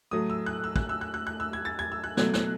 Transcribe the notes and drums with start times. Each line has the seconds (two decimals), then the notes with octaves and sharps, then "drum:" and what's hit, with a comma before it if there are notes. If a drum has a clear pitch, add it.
0.11 A2 F#3 A3 D#6
0.30 E6
0.46 F#6
0.64 E6
0.76 F#6, drum: kick
0.89 E6
1.01 F#6
1.14 F#6
1.27 F#6
1.40 E6
1.53 G#6
1.65 A6
1.79 G#6
1.92 E6
2.04 F#6
2.17 B2 F#3 A3 G#6, drum: snare
2.34 F#6, drum: snare